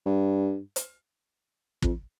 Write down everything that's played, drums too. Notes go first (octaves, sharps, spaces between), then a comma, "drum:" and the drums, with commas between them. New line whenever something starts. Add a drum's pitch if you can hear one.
G2
drum: hi-hat
F2, drum: kick